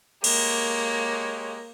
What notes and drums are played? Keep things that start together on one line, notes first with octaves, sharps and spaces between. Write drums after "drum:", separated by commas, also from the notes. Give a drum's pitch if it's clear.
G#3 A#3 G4 C#5, drum: cymbal